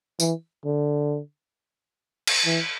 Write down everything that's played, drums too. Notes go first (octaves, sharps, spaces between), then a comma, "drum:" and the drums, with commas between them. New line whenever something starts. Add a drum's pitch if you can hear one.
E3, drum: tambourine
D3
drum: cymbal
E3